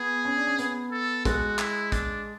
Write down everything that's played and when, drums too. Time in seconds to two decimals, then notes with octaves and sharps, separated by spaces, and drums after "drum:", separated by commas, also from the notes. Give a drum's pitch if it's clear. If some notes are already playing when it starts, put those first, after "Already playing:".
Already playing: B3 G#4
0.25 C#4
0.37 D4
0.47 C#4
0.59 B3, drum: hi-hat
0.91 A4
1.25 G#3 F#4, drum: kick, hi-hat
1.59 E4, drum: clap
1.92 D4, drum: kick, hi-hat